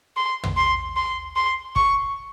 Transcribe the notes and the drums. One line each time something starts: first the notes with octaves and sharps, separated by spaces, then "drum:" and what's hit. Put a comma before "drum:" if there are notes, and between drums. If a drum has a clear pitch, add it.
C6
drum: tom
C6
C6
C6
C#6, drum: kick